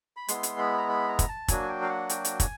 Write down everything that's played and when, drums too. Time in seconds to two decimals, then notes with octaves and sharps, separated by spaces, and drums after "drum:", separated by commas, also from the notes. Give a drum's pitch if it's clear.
0.17 B5
0.28 G#3 B3 E4 C6, drum: hi-hat
0.43 drum: hi-hat
0.58 B5
0.78 A#5
0.88 B5
1.08 A#5
1.19 drum: kick, hi-hat
1.28 A5
1.48 F#3 A#3 D4 F#4 G#5, drum: kick, hi-hat
1.69 G5
1.82 F5
1.89 F#5
2.09 G5, drum: hi-hat
2.25 drum: hi-hat
2.40 G#5, drum: kick, hi-hat